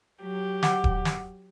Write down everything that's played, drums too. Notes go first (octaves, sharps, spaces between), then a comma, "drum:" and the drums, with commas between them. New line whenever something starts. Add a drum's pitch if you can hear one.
F#3 G4
F#5 D6, drum: snare
drum: kick D#1
drum: snare